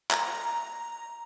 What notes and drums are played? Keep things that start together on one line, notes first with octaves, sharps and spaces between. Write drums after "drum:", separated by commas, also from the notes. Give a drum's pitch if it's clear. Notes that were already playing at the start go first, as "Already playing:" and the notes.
A#5, drum: clap